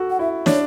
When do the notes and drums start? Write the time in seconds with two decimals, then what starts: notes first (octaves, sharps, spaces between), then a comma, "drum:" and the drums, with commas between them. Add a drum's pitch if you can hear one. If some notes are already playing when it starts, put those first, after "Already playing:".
Already playing: F#4 A4
0.10 F#5
0.19 E4 E5
0.46 D4 C#5, drum: snare